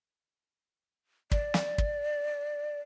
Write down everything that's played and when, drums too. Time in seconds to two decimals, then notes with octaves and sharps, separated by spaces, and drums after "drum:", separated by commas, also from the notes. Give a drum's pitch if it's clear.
1.31 D5, drum: kick
1.54 drum: snare
1.78 drum: kick